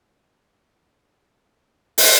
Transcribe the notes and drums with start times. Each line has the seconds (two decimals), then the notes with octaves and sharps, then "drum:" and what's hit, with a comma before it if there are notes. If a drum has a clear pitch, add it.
0.11 D#3 B3 C4 D#4 F4 B4 C#5
1.98 drum: open hi-hat